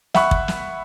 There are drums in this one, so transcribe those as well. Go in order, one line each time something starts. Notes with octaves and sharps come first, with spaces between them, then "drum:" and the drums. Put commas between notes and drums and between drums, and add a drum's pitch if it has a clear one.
E5 F#5 B5 C#6 F#6, drum: snare
drum: kick
drum: snare